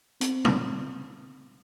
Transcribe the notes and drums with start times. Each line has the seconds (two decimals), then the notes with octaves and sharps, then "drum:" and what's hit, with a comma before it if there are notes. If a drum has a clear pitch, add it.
0.21 C4, drum: hi-hat
0.45 drum: tom